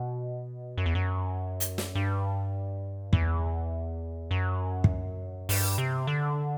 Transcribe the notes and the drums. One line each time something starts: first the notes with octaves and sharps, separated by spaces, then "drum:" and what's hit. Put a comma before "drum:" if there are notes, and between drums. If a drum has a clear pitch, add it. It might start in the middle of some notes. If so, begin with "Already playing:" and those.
Already playing: B2
F#2
E2
F#2
drum: hi-hat
drum: snare
G2
E2, drum: kick
F#2
drum: kick
G2, drum: open hi-hat
C3
D3